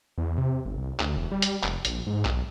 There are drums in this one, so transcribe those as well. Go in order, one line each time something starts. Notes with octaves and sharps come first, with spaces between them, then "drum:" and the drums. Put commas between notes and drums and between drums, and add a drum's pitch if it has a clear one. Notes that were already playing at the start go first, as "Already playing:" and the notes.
E2
C3
G1
C2
D2, drum: clap
E1
G3
drum: hi-hat
F1, drum: clap
A#1, drum: hi-hat
G#2
B1, drum: clap